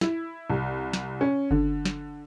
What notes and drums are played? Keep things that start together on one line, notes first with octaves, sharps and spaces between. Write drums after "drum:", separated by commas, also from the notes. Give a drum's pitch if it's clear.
E4, drum: snare
C2
drum: snare
C#4
D3, drum: kick G1
drum: snare